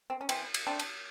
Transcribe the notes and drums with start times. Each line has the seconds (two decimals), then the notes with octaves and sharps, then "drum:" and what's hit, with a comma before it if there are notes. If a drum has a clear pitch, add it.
0.10 C4
0.21 C#4
0.29 E3 C4, drum: cymbal
0.54 drum: cymbal
0.67 A3 C4 D4
0.79 drum: cymbal